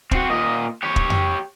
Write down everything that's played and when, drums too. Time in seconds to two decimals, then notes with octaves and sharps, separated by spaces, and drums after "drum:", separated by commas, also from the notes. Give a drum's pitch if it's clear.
0.11 C4 F#4, drum: kick
0.30 A#2 D#5
0.83 G4 C#5
0.96 drum: kick
1.10 drum: tom F2